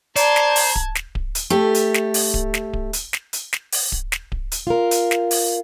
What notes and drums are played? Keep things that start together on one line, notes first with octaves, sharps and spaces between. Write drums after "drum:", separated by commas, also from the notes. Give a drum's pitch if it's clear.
C5 D5 A5 A#5 G#6, drum: hi-hat
drum: snare
drum: open hi-hat
drum: kick D1
drum: snare
drum: kick D1
drum: hi-hat
A3 G4
drum: hi-hat
drum: snare
drum: open hi-hat
drum: kick D1
drum: snare
drum: kick D1
drum: hi-hat
drum: snare
drum: hi-hat
drum: snare
drum: open hi-hat
drum: kick D1
drum: snare
drum: kick D1
drum: hi-hat
F4 A#4
drum: hi-hat
drum: snare
drum: open hi-hat